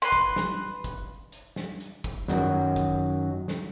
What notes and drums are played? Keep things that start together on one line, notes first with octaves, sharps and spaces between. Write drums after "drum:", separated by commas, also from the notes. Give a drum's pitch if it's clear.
B4 C6
drum: kick
drum: snare
drum: kick, hi-hat
drum: hi-hat
drum: snare
drum: hi-hat
drum: kick
F#2 D#3 E3 F#3, drum: snare
drum: kick, hi-hat
drum: snare